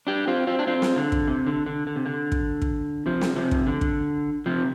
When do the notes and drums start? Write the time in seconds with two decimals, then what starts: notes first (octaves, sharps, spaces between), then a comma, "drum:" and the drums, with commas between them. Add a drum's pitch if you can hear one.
0.07 D4 G4
0.27 C4 F4
0.47 C4 F4
0.59 D4
0.67 C4 F4
0.82 drum: snare
0.96 D3
1.12 drum: kick
1.28 C3
1.47 D3
1.66 D3
1.87 D3
1.96 C3
2.06 D3
2.32 drum: kick
2.62 drum: kick
3.06 C3 F3
3.21 drum: snare
3.36 C3 F3
3.51 drum: kick
3.66 D3
3.81 drum: kick
4.46 C3 F3